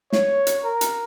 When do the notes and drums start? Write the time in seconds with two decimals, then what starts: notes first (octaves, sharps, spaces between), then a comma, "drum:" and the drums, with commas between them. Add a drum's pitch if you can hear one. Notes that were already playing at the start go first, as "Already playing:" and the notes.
0.13 C#5, drum: snare
0.47 drum: hi-hat
0.64 A#4
0.81 drum: hi-hat